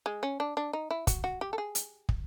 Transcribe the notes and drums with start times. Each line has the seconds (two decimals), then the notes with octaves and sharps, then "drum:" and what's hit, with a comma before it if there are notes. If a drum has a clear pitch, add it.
0.06 G#3
0.23 C#4
0.40 D4
0.57 D4
0.73 D#4
0.91 E4
1.07 F#4, drum: kick, hi-hat
1.24 F#4
1.41 G4
1.53 A4
1.58 G#4
1.75 drum: hi-hat
2.09 drum: kick